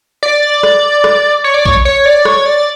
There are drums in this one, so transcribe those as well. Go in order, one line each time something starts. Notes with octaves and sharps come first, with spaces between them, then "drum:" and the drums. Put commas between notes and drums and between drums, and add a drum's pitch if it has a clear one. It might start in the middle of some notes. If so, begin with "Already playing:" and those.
D5
drum: rim click
drum: rim click
C#5
D5
C#5, drum: kick A#1
C#5
D5
C#5, drum: rim click
D5